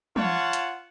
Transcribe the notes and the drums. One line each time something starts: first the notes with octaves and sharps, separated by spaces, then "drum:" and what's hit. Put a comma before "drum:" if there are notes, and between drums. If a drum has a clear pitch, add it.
F4 C#5 F#5 A5, drum: tom
drum: hi-hat